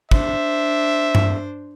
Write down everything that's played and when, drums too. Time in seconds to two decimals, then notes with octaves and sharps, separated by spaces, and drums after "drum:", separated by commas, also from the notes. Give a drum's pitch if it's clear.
0.11 D4 C5 E5, drum: kick
1.15 drum: tom G2